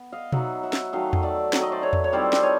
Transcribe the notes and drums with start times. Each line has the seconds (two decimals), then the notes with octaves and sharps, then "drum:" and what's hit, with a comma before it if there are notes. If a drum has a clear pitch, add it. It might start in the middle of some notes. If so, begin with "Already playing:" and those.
Already playing: B3
0.12 D#5 F5
0.32 F#3 B3 D#4 E5 F#5, drum: tom B2
0.63 E5 F#5
0.73 drum: snare
0.93 D#3 F#3 A3 D#5 F5
1.13 drum: tom E2
1.23 D5 E5
1.53 D#3 F#3 A3 D5, drum: snare
1.62 D#5
1.72 C5 D5
1.82 B4 C#5
1.93 drum: tom E2
2.04 C#5
2.13 D#3 G3 C4 E4 C5 D5
2.33 drum: snare
2.43 C#5 D#5